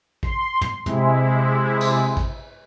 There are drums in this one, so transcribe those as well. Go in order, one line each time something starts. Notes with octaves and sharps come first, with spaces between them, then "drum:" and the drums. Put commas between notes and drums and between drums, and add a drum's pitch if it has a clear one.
C6, drum: kick A1
drum: tom
C3 G#3 E4, drum: tom
drum: cymbal
drum: kick A1